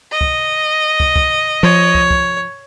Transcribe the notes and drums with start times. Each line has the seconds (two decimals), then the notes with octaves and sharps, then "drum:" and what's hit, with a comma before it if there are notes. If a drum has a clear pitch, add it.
0.11 D#5
0.21 drum: kick
1.00 drum: kick
1.16 drum: kick
1.63 F3 C#5
1.95 drum: kick
2.11 drum: kick